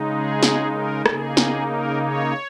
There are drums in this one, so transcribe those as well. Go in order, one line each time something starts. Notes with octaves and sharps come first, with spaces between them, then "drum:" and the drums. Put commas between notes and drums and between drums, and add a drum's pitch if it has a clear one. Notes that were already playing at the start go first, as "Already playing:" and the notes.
Already playing: C#3 G#3 D#4
G#4
drum: snare
A#4
C#3 A#3 D#4 G#4, drum: rim click
drum: snare
A#4
C#5